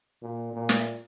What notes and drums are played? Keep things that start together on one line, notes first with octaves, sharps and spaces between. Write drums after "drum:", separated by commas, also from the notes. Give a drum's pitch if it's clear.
A#2
A#2
drum: snare